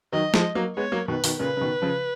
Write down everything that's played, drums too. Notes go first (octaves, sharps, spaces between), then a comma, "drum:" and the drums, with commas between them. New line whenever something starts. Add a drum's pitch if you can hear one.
D#3 F#3 D#5
F3 G#3, drum: snare
F#3 A#3
G#3 B3 C#5
F#3 A#3
B2 D#3 B4
B2 D#3, drum: open hi-hat
A#2 C#3 B4
C#3
B2 D#3
C#3 F3